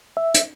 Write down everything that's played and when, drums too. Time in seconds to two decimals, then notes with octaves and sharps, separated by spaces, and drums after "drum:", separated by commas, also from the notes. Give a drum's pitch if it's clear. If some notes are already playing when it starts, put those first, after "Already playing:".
0.17 E5
0.34 drum: hi-hat